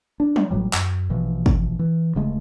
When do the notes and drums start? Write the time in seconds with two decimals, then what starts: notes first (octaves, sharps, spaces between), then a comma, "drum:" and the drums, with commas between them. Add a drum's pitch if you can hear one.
0.20 D4
0.36 drum: tom F3
0.51 A1 A2 F#3 G3
0.74 F#2, drum: clap
1.09 A#1 B2 E3 F3
1.46 drum: kick
1.79 E3
2.15 D1 C#3 G#3 A3